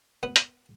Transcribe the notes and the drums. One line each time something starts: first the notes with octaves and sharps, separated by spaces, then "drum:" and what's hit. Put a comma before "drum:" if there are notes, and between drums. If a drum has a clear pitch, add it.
B3
drum: hi-hat